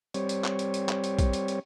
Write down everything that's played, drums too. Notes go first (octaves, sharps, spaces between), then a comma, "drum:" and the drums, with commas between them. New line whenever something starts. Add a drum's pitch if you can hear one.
G3 C4 C#5, drum: hi-hat
drum: hi-hat
drum: clap
drum: hi-hat
drum: hi-hat
drum: clap
drum: hi-hat
drum: kick, hi-hat
drum: hi-hat
drum: hi-hat